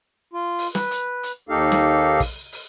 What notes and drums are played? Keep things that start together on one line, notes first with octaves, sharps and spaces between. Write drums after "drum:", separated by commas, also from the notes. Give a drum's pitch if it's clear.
F4
drum: open hi-hat
B4, drum: snare
drum: hi-hat
drum: hi-hat
D#2 A#3 D#4 G4 A4 F5
drum: snare
drum: kick, open hi-hat
drum: open hi-hat